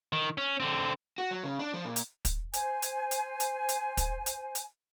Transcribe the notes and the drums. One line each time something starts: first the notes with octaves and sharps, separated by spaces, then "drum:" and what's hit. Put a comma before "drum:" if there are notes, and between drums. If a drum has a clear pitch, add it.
D#3
C#4
D3 C4
F#4
F#3
C#3
D4
F3
A#2
drum: hi-hat
drum: kick, hi-hat
C5 G#5, drum: hi-hat
drum: hi-hat
drum: hi-hat
drum: hi-hat
drum: hi-hat
drum: kick, hi-hat
drum: hi-hat
drum: hi-hat